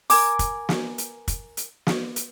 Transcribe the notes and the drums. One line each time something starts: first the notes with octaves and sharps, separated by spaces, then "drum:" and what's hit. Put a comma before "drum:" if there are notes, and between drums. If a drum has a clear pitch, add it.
A#4 G#5 D6, drum: open hi-hat
drum: kick, hi-hat
drum: snare
drum: hi-hat
drum: kick, hi-hat
drum: hi-hat
drum: snare
drum: hi-hat